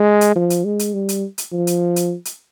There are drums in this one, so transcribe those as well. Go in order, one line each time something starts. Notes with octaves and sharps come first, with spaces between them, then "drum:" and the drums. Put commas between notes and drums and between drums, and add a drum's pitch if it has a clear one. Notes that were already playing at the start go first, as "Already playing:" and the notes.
Already playing: G#3
drum: hi-hat
F3
drum: hi-hat
G#3
drum: hi-hat
G3
drum: hi-hat
drum: hi-hat
F3
drum: hi-hat
drum: hi-hat
drum: hi-hat